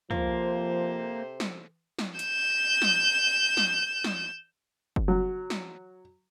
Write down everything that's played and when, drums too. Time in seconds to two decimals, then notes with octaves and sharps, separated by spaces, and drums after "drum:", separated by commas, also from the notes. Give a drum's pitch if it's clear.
0.11 C3 F3 A#3 A4 C5, drum: tom
1.40 drum: snare
1.99 drum: snare
2.19 G6 E7, drum: hi-hat
2.82 drum: snare
3.57 drum: snare
4.04 drum: snare
4.96 drum: kick F#1
5.08 F#3
5.50 drum: snare